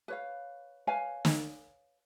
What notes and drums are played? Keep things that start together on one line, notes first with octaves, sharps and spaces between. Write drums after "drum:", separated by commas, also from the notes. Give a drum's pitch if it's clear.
B4 C#5 F5
B4 C#5 F5 G#5
drum: snare